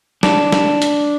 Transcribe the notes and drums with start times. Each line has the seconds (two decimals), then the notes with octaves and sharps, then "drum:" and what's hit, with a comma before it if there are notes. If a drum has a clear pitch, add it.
0.23 D4, drum: snare
0.52 drum: snare
0.82 drum: hi-hat